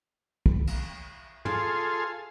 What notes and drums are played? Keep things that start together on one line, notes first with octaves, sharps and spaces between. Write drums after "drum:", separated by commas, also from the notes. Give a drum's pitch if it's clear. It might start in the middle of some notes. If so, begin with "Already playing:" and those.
drum: kick
drum: cymbal
F4 G#4 A4 C6, drum: tom